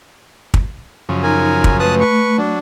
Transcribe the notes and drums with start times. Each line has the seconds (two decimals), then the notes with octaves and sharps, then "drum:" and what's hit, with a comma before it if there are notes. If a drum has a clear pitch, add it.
0.54 drum: kick
1.09 F#2 C#3 F3
1.23 D#4 A#4 G#5
1.64 drum: kick
1.80 A3 B4 A5 D#6 F#6
2.00 A3 B4 C#6
2.38 F#3 D4